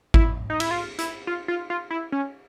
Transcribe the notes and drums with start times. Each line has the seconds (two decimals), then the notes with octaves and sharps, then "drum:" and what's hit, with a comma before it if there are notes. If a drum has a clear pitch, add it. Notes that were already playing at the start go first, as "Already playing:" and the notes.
0.14 E4, drum: kick G#1
0.50 D#4
0.60 E4, drum: cymbal
0.71 F4
0.99 E4, drum: hi-hat
1.27 F4
1.48 F4
1.70 F4
1.91 E4
2.12 C#4